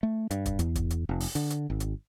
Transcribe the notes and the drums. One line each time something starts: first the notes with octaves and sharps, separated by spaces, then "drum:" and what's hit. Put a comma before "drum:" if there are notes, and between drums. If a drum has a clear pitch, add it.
A3
G2, drum: hi-hat
drum: kick, hi-hat
E2, drum: hi-hat
drum: kick, hi-hat
drum: hi-hat
F1
drum: open hi-hat
D3, drum: hi-hat
drum: hi-hat
G#1
drum: hi-hat